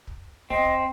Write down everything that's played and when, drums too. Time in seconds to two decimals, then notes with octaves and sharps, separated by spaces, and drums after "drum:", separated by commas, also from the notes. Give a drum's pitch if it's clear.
0.07 drum: kick
0.50 C4 D#5, drum: kick
0.65 drum: kick